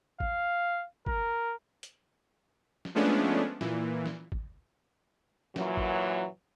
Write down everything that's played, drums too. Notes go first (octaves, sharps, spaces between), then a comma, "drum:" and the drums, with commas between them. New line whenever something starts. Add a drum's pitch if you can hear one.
F5, drum: kick
A#4, drum: kick
drum: hi-hat
drum: snare
F3 G#3 A3 B3 C#4 D4
A#2 E3, drum: snare
drum: snare
drum: kick
F#2 A#2 E3 F#3, drum: snare
drum: kick